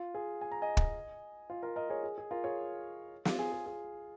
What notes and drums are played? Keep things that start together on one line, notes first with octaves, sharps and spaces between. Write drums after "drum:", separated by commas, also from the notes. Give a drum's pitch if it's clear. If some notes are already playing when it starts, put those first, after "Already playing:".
Already playing: F4
G#4
G#5
A#5
D#5 G#5
drum: kick
F4
F4 A#4
A#4 D#5
G#4 C#5
G#4
G#4
F4 A#4
G#4 C#5
F4, drum: snare
G#4
G#4
G#4